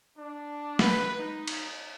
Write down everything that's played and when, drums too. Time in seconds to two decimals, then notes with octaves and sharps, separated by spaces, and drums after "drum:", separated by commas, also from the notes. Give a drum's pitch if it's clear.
0.17 D4
0.79 B4, drum: snare
1.18 D#4
1.48 drum: cymbal